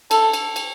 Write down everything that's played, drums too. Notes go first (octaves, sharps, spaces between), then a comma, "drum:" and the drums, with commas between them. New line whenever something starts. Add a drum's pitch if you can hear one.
A4, drum: cymbal
drum: cymbal
drum: cymbal